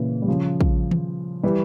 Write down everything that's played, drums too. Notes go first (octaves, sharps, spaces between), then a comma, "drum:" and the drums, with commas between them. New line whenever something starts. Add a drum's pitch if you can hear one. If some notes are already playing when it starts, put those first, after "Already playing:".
Already playing: A#2 C#3 E3
G3
C#3 F3
drum: kick
drum: tom D#3
E3 G3